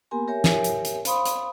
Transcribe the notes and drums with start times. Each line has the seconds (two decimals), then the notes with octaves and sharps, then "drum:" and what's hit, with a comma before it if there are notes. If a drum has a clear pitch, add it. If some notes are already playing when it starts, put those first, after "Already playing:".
0.11 A#3 B3 G4 A#4 G#5 C6
0.28 G4 A#4 C#5 E5 G#5
0.44 drum: snare
0.64 drum: hi-hat
0.85 drum: hi-hat
1.05 C5 F5 B5 C6 D#6, drum: hi-hat
1.26 drum: hi-hat